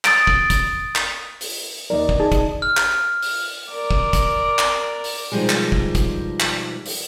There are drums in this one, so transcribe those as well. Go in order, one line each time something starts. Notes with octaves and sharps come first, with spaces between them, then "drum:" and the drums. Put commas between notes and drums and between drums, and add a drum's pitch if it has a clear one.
D#6 A6 D7, drum: clap
drum: kick
drum: kick, hi-hat
drum: clap
drum: open hi-hat
D#2 D#3 A#4 D5 D#5
drum: kick
D#4 G#4 A5
drum: kick, hi-hat
F6
drum: clap
drum: open hi-hat
A#4 D5
drum: kick
drum: kick, hi-hat
drum: clap
drum: open hi-hat
B2 D#3 F3 G3 G#3
drum: clap
drum: kick
drum: kick, hi-hat
drum: clap
drum: open hi-hat